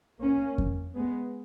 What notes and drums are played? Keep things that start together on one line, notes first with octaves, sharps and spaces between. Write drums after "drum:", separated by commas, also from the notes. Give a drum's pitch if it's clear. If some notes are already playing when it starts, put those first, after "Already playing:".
A#3 C#4
drum: kick F2
G#3 B3